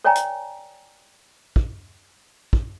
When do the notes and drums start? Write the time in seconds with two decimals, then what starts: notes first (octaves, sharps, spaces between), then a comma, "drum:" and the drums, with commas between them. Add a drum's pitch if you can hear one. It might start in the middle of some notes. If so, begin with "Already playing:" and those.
0.04 A#4 C#5 D5 G5 G#5 A#5
0.16 drum: hi-hat
1.56 drum: kick
2.53 drum: kick